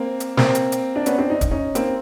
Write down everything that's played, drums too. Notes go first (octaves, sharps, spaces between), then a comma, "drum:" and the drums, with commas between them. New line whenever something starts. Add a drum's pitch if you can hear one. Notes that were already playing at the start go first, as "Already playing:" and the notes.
Already playing: A#3 C4
drum: hi-hat
A#3 C4, drum: snare
drum: hi-hat
drum: hi-hat
D4
B3 C#4, drum: hi-hat
C4 D4
D#4
drum: kick, hi-hat
C#4 D#4
A#3 C4, drum: hi-hat